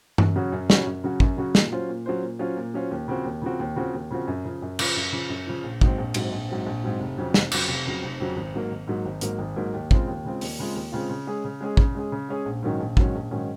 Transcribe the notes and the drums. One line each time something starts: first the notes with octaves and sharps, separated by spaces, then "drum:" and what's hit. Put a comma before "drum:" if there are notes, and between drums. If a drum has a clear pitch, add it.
F#2, drum: tom G2
C#3 F#3 C#4 F#4
F#2
C#3 F#3 C#4 F#4, drum: snare
F#2
C#3 F#3 C#4 F#4
F#2, drum: kick
C#3 F#3 C#4 F#4
A#2, drum: snare
F#3 C#4 F4 C5
A#2
F#3 C#4 F4 C5
A#2
F#3 C#4 F4 C5
A#2
F#3 C#4 F4 C5
D#2
C#3 F3 C4 F#4
D#2
C#3 F3 C4 F#4
D#2
C#3 F3 C4 F#4
D#2
C#3 F3 C4 F#4
F#2
C#3 F3
F#2
C#3 F3, drum: cymbal
F#2
C#3 F3
F#2
C#3 F3
A#1
G#2 F#3 C4, drum: kick
A#1
G#2 F#3 C4, drum: cymbal
A#1
G#2 F#3 C4
A#1
G#2 F#3 C4
F1
F2 C#3 F#3
F1, drum: snare
F2 C#3 F#3, drum: cymbal
F1
F2 C#3 F#3
F1
F2 C#3 F#3
G#1
G#2 F#3 A#3
G#1
G#2 F#3 A#3
G#1
G#2 F#3 A#3, drum: hi-hat
G#1
G#2 F#3 A#3
D#2
C#3 G#3 C4 F4, drum: kick
D#2
C#3 G#3 C4 F4
D#2, drum: open hi-hat
C#3 G#3 C4 F4
D#2
C#3 G#3 C4 F4
C#3
G#3 C#4 G#4
C#3
G#3 C#4 G#4
C#3, drum: kick
G#3 C#4 G#4
C#3
G#3 C#4 G#4
A#1
G#2 D#3 F#3 C#4
A#1
G#2 D#3 F#3 C#4, drum: kick
A#1
G#2 D#3 F#3 C#4